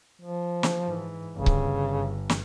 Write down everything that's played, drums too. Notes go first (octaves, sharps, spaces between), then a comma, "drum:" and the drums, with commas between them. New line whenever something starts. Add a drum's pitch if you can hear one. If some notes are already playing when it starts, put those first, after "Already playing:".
F3
drum: snare
G#2 E3
G1 C#3
drum: kick C#1
drum: snare